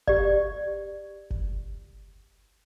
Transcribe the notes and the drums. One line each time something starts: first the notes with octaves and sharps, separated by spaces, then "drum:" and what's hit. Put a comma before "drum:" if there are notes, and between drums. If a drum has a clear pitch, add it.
G4 D5, drum: kick F#1
drum: kick F#1